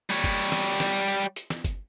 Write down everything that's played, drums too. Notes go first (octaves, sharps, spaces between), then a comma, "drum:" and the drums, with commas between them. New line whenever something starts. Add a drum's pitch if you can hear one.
G3 C#5
drum: kick, hi-hat
drum: snare
drum: snare
drum: hi-hat
drum: hi-hat
drum: snare
drum: kick, hi-hat